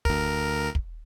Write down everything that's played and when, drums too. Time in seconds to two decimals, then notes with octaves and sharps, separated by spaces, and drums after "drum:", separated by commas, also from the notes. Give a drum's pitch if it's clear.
0.05 D2 A#4, drum: kick
0.75 drum: kick